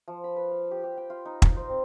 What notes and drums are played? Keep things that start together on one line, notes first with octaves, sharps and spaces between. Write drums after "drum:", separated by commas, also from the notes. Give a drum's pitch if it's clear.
F3
B5
B4
F5
G4
G4
G5
F4
D#4
D#5, drum: kick
C5
C4